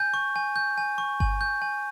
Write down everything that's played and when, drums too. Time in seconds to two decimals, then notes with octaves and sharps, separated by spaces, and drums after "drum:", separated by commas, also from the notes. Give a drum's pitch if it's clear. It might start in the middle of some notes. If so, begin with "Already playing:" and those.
Already playing: G#5 G6
0.14 C#6
0.36 G#5
0.56 G6
0.78 G#5
0.98 C#6
1.20 G#5, drum: kick G1
1.41 G6
1.62 G#5